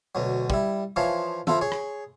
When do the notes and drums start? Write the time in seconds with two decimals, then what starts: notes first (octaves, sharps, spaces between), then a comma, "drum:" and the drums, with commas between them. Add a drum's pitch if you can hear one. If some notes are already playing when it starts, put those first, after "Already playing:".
0.15 D2 B2 F#3
0.50 G3 E4, drum: kick
0.96 E3 F3 C#5 F5 A5 C6
1.47 F3 E4 F4 A4, drum: tom D#3
1.61 G#4 C#5
1.72 drum: rim click